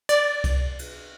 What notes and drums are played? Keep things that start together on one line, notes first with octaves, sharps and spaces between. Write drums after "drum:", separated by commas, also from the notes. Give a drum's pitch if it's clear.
D5, drum: cymbal
drum: kick C2, cymbal
drum: cymbal